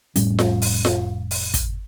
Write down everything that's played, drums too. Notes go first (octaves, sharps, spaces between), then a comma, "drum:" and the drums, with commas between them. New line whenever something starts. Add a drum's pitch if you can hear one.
F1 A2 G3 C#4, drum: hi-hat
drum: snare F4
drum: open hi-hat
drum: snare F4
drum: open hi-hat
drum: kick, hi-hat